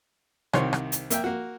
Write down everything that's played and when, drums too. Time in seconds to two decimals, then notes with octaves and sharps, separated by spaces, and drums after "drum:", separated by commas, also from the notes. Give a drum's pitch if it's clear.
0.53 C2 C3 D#3 C4 C#5 C6, drum: rim click
0.73 drum: rim click
0.92 drum: hi-hat
1.10 A#3 E5 G5, drum: hi-hat
1.24 A#3 F#4